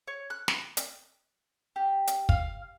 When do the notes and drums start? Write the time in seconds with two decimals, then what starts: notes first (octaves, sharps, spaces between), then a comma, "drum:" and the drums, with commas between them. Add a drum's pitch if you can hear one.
0.08 C#5
0.30 F#6
0.48 drum: snare
0.77 drum: hi-hat
1.76 G4
2.07 drum: hi-hat
2.29 F5, drum: kick